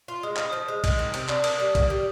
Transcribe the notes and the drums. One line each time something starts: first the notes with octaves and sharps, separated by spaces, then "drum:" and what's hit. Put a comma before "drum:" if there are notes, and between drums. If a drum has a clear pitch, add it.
F4
G#3 D#6
D#4 F6, drum: clap
F3 D#6
G#3
G#3, drum: kick, cymbal
D#3
C3, drum: cymbal
D4, drum: clap
A#3 D#6, drum: cymbal
G3
A#3, drum: kick, cymbal
G3